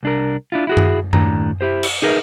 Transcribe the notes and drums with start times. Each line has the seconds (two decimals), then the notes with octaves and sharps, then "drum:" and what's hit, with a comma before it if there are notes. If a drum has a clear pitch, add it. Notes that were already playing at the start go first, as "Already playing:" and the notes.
0.03 C2 D4 A#4
0.52 D4 E4 F4
0.67 E4 F#4 G#4
0.77 drum: tom F#2
1.13 D#2 A2 D4 A#5, drum: tom F#2
1.61 E4 G4 C5
1.83 drum: cymbal
2.02 D#4 G#4 A#4 B4 E5